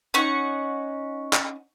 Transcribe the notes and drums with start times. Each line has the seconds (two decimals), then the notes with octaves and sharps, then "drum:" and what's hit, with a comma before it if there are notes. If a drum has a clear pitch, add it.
0.14 C#4 D#4 F#5 C#6
1.33 drum: clap